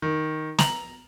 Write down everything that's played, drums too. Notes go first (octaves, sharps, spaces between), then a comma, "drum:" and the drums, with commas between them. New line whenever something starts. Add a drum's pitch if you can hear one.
D#3
A#5 F7 F#7, drum: snare